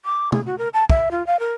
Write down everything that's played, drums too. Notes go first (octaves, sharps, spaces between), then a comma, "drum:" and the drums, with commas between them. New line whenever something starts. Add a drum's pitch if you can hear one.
D6
G#4, drum: tom
F#4
A#4
A5
E5, drum: kick
F4
F5
A#4